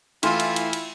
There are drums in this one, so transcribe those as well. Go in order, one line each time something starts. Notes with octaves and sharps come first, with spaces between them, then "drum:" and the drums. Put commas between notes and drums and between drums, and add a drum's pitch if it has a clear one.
E3 A3 E4 F4 G5 G#5 C6 F6, drum: cymbal
drum: cymbal
drum: cymbal
drum: cymbal